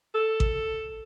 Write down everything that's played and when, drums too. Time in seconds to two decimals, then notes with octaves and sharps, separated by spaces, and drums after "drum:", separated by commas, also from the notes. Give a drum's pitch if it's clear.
0.15 A4
0.40 drum: kick A1